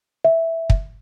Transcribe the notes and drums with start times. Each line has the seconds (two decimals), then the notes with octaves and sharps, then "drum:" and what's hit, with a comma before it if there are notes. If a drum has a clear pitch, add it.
0.25 E5
0.70 drum: kick